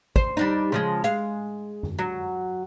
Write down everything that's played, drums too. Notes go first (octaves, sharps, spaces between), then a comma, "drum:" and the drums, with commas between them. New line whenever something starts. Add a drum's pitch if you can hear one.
C5, drum: kick
G3 D4 D#4
C#3 F3 G#3
G#3 F5, drum: hi-hat
drum: tom F#2
F#3